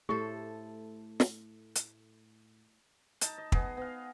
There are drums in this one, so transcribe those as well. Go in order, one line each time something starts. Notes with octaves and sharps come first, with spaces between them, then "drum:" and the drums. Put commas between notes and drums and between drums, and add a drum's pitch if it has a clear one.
A2 A3 G4 A4 C5
drum: snare
drum: hi-hat
D#4 A5, drum: hi-hat
D#5
B3 G#4 D#5, drum: kick
B3 F5